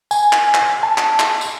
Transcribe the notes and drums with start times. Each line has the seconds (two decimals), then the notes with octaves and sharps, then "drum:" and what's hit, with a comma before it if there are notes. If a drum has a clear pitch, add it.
0.11 G#5, drum: tambourine
0.33 drum: clap
0.54 drum: clap
0.83 A5
0.98 drum: clap
1.19 drum: clap
1.41 drum: tambourine